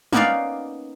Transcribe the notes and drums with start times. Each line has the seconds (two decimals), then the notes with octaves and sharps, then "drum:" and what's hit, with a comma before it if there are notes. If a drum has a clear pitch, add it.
0.13 A#3 B3 C#4 D#4 D5 F5, drum: tom